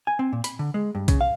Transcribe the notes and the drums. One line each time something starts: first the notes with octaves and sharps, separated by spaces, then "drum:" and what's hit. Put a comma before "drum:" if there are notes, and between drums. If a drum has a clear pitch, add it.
G#5
C4
A#2
B5, drum: hi-hat
D3
G#3
G2
C#3, drum: kick B1, hi-hat
F5